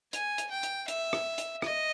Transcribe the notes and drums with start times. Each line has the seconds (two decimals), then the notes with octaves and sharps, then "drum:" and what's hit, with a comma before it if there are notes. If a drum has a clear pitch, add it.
0.13 G#5, drum: hi-hat
0.38 drum: hi-hat
0.51 G5
0.63 drum: hi-hat
0.88 E5, drum: hi-hat
1.13 drum: rim click
1.38 drum: hi-hat
1.62 D#5, drum: rim click